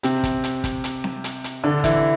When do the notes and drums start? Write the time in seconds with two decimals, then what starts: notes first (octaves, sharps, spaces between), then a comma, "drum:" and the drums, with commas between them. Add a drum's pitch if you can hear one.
0.03 C3 C4, drum: hi-hat
0.23 drum: kick, hi-hat
0.44 drum: hi-hat
0.64 drum: kick, hi-hat
0.84 drum: hi-hat
1.04 drum: snare C4
1.24 drum: hi-hat
1.44 drum: hi-hat
1.64 D3 D4
1.84 E3 E4, drum: kick, hi-hat